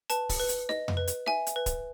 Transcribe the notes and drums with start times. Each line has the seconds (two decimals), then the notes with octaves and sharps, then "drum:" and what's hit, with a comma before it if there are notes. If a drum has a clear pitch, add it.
0.10 B4 A5, drum: hi-hat
0.29 drum: kick C#1, open hi-hat
0.40 B4
0.49 drum: hi-hat
0.69 D#5, drum: snare
0.88 drum: tom F2
0.97 B4
1.07 drum: hi-hat
1.26 E5 G#5, drum: snare
1.47 drum: hi-hat
1.56 B4
1.66 drum: kick C#1, hi-hat